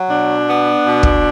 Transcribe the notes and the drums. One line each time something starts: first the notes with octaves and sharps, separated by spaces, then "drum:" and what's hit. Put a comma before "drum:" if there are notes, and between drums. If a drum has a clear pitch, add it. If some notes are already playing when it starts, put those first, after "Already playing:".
Already playing: F#3
B2 D4
B3
B2
drum: kick